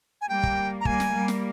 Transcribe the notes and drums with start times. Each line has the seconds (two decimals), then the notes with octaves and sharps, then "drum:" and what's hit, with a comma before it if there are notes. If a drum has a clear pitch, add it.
0.21 G#5
0.29 G3 A#3 G5
0.43 drum: kick
0.81 A#5
0.85 G3 A#3 G#5, drum: kick
1.00 drum: snare
1.13 G3 A#3
1.28 drum: snare